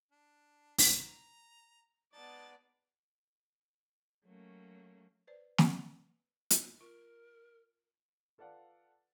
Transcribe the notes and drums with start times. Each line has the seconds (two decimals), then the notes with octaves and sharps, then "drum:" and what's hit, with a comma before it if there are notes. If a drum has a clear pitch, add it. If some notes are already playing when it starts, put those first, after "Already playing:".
0.12 D4
0.78 A#5, drum: open hi-hat
2.14 G#3 B3 D#4 D5 A5 A6
4.24 F#3 A3 A#3 C#4
5.27 B4 C5 D5
5.58 drum: snare
6.50 drum: hi-hat
6.80 F4 A#4 C#6
8.38 F4 A4 B4 D5 F5 F#5